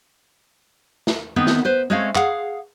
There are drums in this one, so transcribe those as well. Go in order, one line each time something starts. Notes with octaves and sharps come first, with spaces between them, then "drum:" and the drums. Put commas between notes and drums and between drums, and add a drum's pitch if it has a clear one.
drum: snare
D#3 B3 C4
drum: snare
B4 C5
G#3 A3 C4 C#4 F5
G#4 F5 F#5, drum: clap